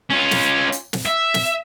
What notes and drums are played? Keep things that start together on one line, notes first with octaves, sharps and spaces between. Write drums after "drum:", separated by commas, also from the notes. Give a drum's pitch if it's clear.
C#4 F4
drum: snare
drum: hi-hat
drum: snare
E5
drum: snare